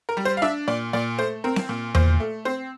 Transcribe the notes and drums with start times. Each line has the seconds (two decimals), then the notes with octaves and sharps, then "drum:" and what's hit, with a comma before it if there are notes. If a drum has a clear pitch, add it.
0.09 A#4
0.17 G3
0.25 C5
0.37 F5
0.42 D4 E5
0.68 A#2 D5
0.93 A#2 D5
1.19 A3 C5
1.44 C4 A#4
1.56 drum: snare C4
1.69 A#2
1.95 A#2 C5, drum: tom E2
2.20 A3
2.45 C4 C5